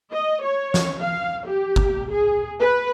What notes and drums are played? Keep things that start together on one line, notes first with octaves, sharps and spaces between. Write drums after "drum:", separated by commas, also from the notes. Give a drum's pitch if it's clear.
D#5
C#5
drum: snare
F5
G4
drum: kick G1
G#4
B4